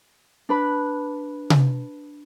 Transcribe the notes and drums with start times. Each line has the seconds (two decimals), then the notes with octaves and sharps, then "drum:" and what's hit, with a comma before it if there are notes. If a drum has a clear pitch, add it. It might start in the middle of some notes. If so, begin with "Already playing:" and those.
0.49 D4 B4 B5
1.50 drum: tom C3